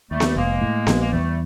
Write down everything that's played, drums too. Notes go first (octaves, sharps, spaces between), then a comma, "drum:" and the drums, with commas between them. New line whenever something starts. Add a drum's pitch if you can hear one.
D#2 G3 A3
drum: snare B3
F1 G#3 A#3
A2
A#1, drum: snare B3
A#3
E2 G3 A3